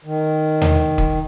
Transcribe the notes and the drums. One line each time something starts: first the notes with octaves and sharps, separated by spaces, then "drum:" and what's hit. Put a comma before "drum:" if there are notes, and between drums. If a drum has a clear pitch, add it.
D#3
drum: tom D#2
drum: kick